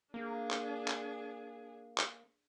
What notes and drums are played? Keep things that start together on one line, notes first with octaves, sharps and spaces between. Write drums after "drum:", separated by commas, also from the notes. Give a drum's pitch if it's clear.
A#3 D4 G#4
drum: clap
drum: clap
drum: clap